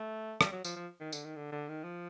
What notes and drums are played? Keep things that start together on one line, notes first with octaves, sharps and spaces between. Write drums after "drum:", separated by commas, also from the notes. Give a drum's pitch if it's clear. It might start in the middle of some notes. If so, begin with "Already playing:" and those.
Already playing: A3
G3, drum: rim click
F#3
F3, drum: tambourine
F3
D#3
D3, drum: tambourine
D#3
D3
D3
D#3
F3